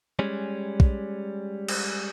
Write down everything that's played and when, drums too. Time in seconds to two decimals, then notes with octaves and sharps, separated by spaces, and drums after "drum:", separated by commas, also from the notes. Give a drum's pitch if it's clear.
0.19 G3 G#3 C#4
0.80 drum: kick
1.68 drum: cymbal